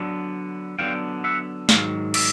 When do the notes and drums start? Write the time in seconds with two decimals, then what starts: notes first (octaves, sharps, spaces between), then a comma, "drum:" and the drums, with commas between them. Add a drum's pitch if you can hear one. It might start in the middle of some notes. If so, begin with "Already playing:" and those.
Already playing: D3 F#3 B3 D4
0.79 D3 F#3 B3 D4 F5 G5
1.24 E5 F#5
1.69 G#2 D#3 F#3 F5, drum: snare
2.14 D5 E5, drum: cymbal